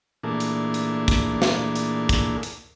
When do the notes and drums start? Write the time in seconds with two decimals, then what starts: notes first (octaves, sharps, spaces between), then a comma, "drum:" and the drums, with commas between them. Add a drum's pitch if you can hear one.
0.23 A#2 E3 A3 A#3 D4 G#4
0.40 drum: hi-hat
0.74 drum: hi-hat
1.08 drum: kick, hi-hat
1.42 drum: snare
1.76 drum: hi-hat
2.09 drum: kick, hi-hat
2.43 drum: hi-hat